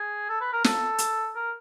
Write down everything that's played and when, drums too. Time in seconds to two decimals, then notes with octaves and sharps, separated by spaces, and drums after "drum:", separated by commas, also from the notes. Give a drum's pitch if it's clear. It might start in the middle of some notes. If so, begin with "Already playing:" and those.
Already playing: G#4
0.29 A4
0.41 B4
0.53 A#4
0.64 A4, drum: snare
0.98 drum: hi-hat
1.36 A#4